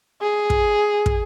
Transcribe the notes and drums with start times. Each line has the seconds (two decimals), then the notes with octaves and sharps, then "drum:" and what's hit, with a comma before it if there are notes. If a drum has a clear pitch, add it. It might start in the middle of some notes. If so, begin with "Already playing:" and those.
0.22 G#4
0.50 drum: kick
1.06 drum: kick